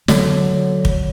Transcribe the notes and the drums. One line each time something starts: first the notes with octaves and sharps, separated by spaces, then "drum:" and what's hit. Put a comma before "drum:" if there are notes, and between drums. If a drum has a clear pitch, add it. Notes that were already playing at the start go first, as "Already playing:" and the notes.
D3 F#3, drum: snare
drum: kick